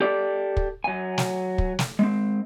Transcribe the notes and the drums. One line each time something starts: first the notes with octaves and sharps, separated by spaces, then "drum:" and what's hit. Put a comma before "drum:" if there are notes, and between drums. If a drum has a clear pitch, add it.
G4 A4 D5
drum: kick
F#3 G#5
drum: snare
drum: kick
drum: snare
G#3 C4